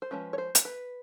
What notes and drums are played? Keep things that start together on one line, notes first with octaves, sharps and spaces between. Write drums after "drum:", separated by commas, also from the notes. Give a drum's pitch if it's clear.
C5
F3 G#3 C#4 B4
C#5
C5
drum: hi-hat
B4